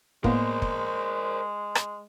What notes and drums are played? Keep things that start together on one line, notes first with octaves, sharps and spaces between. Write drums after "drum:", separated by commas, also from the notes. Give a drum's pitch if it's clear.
A2 G#3 A#3 B3 A#4 C5, drum: kick
drum: kick
drum: rim click